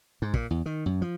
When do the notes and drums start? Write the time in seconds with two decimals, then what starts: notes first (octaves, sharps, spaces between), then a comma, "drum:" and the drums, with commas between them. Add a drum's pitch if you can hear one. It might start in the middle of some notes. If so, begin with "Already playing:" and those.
0.22 G#2
0.34 A#2, drum: kick
0.51 E2
0.66 D#3
0.86 F#2
1.02 F3